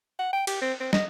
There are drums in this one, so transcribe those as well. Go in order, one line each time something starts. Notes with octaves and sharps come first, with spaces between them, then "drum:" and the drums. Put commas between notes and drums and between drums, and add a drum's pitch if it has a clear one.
F#5
G5
G4, drum: cymbal
C4
C4
D#5, drum: snare